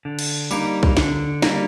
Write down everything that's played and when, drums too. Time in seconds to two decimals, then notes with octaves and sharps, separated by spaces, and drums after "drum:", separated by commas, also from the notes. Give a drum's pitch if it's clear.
0.05 D3
0.19 drum: cymbal
0.51 G3 A#3 D#4, drum: tambourine
0.83 drum: kick C2
0.97 D3, drum: snare
1.42 G3 A#3 D#4, drum: snare